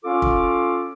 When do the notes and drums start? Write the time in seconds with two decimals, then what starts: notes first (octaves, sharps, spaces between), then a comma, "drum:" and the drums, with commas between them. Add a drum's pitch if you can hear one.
0.04 C#4 F4 A4 F5 D6
0.22 drum: kick